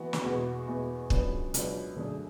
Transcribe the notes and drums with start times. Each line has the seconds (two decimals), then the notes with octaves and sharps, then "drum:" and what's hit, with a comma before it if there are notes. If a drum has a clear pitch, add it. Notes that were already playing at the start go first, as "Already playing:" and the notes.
Already playing: E3 B3 F#4 B4
0.13 drum: snare
0.24 E2 B2 G#3 B3 F#4
0.67 E2 B2 G#3 B3 F#4
1.10 C#2 C#3 F#3 B3 D4, drum: kick
1.54 C#2 C#3 F#3 B3 D4, drum: hi-hat
1.96 F#2 D3 A3 D4 G#4